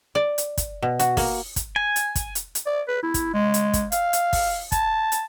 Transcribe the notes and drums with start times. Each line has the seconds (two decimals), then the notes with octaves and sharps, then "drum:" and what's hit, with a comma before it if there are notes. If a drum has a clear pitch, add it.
0.15 D5
0.38 drum: hi-hat
0.58 drum: kick, hi-hat
0.82 B2
0.99 F#4, drum: hi-hat
1.17 A#3, drum: kick, open hi-hat
1.56 drum: kick, hi-hat
1.76 G#5
1.96 drum: hi-hat
2.15 drum: kick, hi-hat
2.35 drum: hi-hat
2.55 drum: hi-hat
2.66 D5
2.88 B4
3.02 E4
3.14 drum: kick, hi-hat
3.34 G#3
3.54 drum: hi-hat
3.73 drum: kick, hi-hat
3.92 F5, drum: hi-hat
4.13 drum: hi-hat
4.33 drum: kick, open hi-hat
4.72 A5, drum: kick, hi-hat
5.12 drum: hi-hat